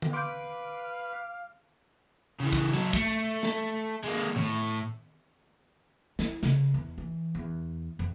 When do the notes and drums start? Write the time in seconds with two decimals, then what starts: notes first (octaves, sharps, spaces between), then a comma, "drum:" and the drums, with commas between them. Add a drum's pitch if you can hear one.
0.02 drum: tom D3
0.13 B4 F5 C6 D6 G6 D7
2.40 C#3 E3
2.53 drum: kick
2.74 F#3 A4
2.93 A3, drum: kick
3.43 drum: snare
4.04 G#3 A#3
4.36 A2, drum: tom D#3
6.19 E4, drum: snare
6.43 C#3, drum: snare
6.74 E2
6.98 E3
7.35 E2
7.99 F2